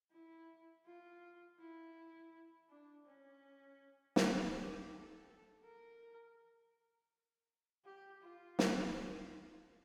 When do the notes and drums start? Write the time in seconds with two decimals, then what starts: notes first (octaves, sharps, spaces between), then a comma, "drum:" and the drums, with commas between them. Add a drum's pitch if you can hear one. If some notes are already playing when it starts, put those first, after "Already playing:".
0.11 E4
0.85 F4
1.59 E4
2.69 D4
3.06 C#4
4.16 E4, drum: snare
4.54 G4
4.90 A4
5.64 A#4
7.84 G4
8.22 F4
8.59 drum: snare